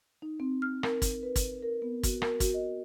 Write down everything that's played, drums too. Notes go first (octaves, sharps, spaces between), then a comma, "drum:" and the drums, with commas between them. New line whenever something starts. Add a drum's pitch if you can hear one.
D#4
C4
F6
A#4, drum: rim click
drum: kick, hi-hat
B4
drum: kick, hi-hat
A#4
B3
F#4, drum: kick, hi-hat
A#4, drum: rim click
F#4, drum: kick, hi-hat
D#5